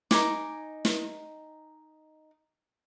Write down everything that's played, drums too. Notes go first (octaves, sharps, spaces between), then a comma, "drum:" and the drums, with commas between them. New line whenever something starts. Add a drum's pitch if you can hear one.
D#4 F#4 G#5 D6, drum: snare
drum: snare